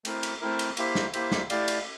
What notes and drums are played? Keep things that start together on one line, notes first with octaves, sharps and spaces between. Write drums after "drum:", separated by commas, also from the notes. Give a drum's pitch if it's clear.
A3 C4 E4 A#4, drum: cymbal
drum: cymbal
A3 C4 E4 A#4
drum: cymbal
A#3 E4 G4 C5 E5, drum: cymbal
drum: snare
A#3 E4 G4 C5 E5, drum: cymbal
drum: snare
A3 E4 G4 D5 F5, drum: cymbal
drum: cymbal